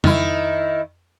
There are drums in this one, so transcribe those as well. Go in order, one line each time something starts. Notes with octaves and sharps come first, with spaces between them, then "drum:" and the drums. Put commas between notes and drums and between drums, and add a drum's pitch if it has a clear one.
D#3 E4, drum: tom